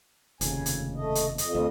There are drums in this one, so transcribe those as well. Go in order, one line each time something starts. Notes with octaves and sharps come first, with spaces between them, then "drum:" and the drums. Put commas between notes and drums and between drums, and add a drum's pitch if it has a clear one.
F1 D#2 C#3 G#5, drum: hi-hat
drum: hi-hat
A3 D#5
drum: hi-hat
F2 D#5, drum: hi-hat
D2